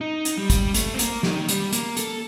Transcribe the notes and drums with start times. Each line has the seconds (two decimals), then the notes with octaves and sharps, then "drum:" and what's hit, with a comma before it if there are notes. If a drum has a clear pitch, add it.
0.01 D#4
0.25 drum: hi-hat
0.38 G3
0.50 drum: kick, hi-hat
0.74 A3, drum: hi-hat
0.94 C4
0.99 A#3, drum: hi-hat
1.23 D#3, drum: snare
1.49 G3, drum: hi-hat
1.73 A#3, drum: hi-hat
1.97 A4, drum: hi-hat